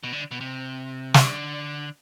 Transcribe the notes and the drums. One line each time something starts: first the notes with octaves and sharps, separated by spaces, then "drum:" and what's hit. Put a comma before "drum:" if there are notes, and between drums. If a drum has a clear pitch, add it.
B2
D3
B2
C3
D3, drum: snare